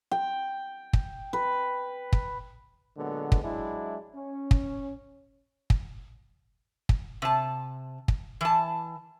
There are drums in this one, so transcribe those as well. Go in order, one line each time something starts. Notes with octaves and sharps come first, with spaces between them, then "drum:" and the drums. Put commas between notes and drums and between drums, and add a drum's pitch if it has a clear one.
G5
drum: kick
B4
drum: kick
A#2 D3 F#3 G#3 B3
drum: kick
F#3 G#3 D4 E4
C#4
drum: kick
drum: kick
drum: kick
C3 A5
drum: kick
E3 A5